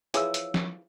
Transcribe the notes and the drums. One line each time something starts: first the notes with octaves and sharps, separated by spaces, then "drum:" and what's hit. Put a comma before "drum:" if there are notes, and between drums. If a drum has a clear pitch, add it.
E3 F3 G#4 C#5 E6, drum: hi-hat
drum: hi-hat
drum: snare